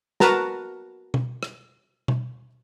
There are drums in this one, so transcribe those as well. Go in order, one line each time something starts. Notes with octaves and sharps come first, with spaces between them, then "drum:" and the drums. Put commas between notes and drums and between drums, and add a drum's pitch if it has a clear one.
F#4 A#4 B4 A5 A#5, drum: snare
drum: tom B2
drum: rim click
drum: tom B2